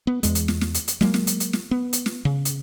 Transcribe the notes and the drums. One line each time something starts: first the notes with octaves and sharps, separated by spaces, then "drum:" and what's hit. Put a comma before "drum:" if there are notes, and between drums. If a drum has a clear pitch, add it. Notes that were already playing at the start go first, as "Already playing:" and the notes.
B3
E2 G#3, drum: hi-hat
drum: hi-hat
drum: snare
drum: snare
drum: hi-hat
drum: hi-hat
F#3 G#3 A#3, drum: snare
drum: snare
drum: hi-hat
drum: hi-hat
drum: snare
B3
drum: hi-hat
drum: snare
C#3
drum: hi-hat